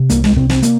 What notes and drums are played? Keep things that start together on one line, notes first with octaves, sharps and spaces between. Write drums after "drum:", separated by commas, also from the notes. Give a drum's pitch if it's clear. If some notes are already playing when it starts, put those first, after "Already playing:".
Already playing: C3
C2 A#3, drum: hi-hat
G#3, drum: snare
C3 C4, drum: kick
C4, drum: snare
A#3, drum: hi-hat